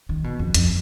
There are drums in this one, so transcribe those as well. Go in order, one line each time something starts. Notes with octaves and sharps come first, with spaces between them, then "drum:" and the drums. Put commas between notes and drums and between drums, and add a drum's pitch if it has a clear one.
D#3
B2
F2
F2, drum: hi-hat